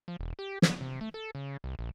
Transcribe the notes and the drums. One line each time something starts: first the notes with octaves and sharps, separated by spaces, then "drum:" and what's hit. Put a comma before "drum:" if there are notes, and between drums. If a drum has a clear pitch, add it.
F3
E1
G4
B3, drum: snare
C3
A3
A4
C#3
C2
A#1